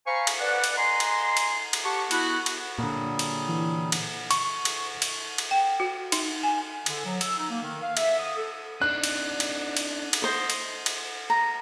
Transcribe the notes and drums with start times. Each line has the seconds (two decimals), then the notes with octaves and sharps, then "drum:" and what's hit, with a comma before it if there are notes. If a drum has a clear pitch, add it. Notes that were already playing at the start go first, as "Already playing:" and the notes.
0.07 C5 F5 G#5 A#5 B5 C#6
0.27 drum: cymbal
0.41 B4 D5 F#5
0.64 drum: cymbal
0.78 D#5 G#5 A#5 C6
1.00 drum: cymbal
1.37 drum: cymbal
1.73 drum: cymbal
1.85 G4 F#5 A5 C#6
2.11 B3 E4 F#4, drum: cymbal
2.46 drum: cymbal
2.78 A#2 D3 F#3 G3 G#4
3.19 drum: cymbal
3.48 E3
3.92 drum: cymbal
4.31 C#6, drum: cymbal
4.65 drum: cymbal
5.02 drum: cymbal
5.38 drum: cymbal
5.51 G5
5.80 F#4
6.12 D#4, drum: cymbal
6.43 G#5
6.86 D3, drum: cymbal
7.05 F#3
7.21 E6, drum: cymbal
7.39 D#4
7.50 A#3
7.62 D#3
7.82 F5
7.97 E5, drum: cymbal
8.19 D#6
8.37 A4
8.82 D4 D#4 F#6
9.04 drum: cymbal
9.40 drum: cymbal
9.77 drum: cymbal
10.13 drum: cymbal
10.22 C5 D#5
10.50 drum: cymbal
10.86 drum: cymbal
11.30 A#5